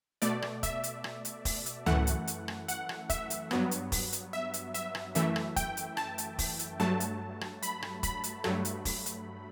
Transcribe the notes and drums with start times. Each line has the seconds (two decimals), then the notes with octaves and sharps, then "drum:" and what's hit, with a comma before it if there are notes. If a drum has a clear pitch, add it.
0.22 B2 A3 D5, drum: hi-hat
0.42 drum: rim click
0.63 E5, drum: kick E1, hi-hat
0.84 drum: hi-hat
1.04 drum: rim click
1.25 drum: hi-hat
1.45 drum: kick E1, open hi-hat
1.66 drum: hi-hat
1.86 F#2 E3 A3 F#5, drum: tom C#2
2.07 drum: hi-hat
2.27 drum: hi-hat
2.48 drum: rim click
2.68 F#5, drum: hi-hat
2.89 drum: rim click
3.10 E5, drum: kick E1, hi-hat
3.30 drum: hi-hat
3.51 G2 F#3 B3, drum: rim click
3.71 drum: hi-hat
3.92 drum: kick E1, open hi-hat
4.12 drum: hi-hat
4.33 E5
4.54 drum: hi-hat
4.74 E5, drum: hi-hat
4.95 drum: rim click
5.15 F#2 E3 A3 E5, drum: hi-hat
5.36 drum: rim click
5.56 G5, drum: kick E1, hi-hat
5.77 drum: hi-hat
5.97 A5, drum: rim click
6.18 drum: hi-hat
6.39 drum: kick E1, open hi-hat
6.59 drum: hi-hat
6.80 G2 F#3 A3 A5
7.00 drum: hi-hat
7.41 drum: rim click
7.62 B5, drum: hi-hat
7.82 drum: rim click
8.03 B5, drum: kick E1, hi-hat
8.24 drum: hi-hat
8.44 G2 F#3 A3, drum: rim click
8.65 drum: hi-hat
8.85 drum: kick E1, open hi-hat
9.06 drum: hi-hat